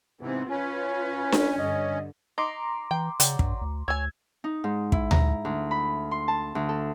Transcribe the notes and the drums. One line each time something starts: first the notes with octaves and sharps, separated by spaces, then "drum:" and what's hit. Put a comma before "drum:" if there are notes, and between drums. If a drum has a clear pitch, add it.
G#2 C3 E3 B3 C4
C#4 F4 B4 G#5
drum: snare D4
G2 D3 D#5
D#4 A#5 C6 D6
E3 G5
C#3 F#3 D5 G5, drum: hi-hat
G2, drum: kick
D2
D2 C#5 G#5 E6 G#6
D#4
G#2
E4, drum: kick
A#5, drum: tom D2
D2
B5
C6
A5
D2
A4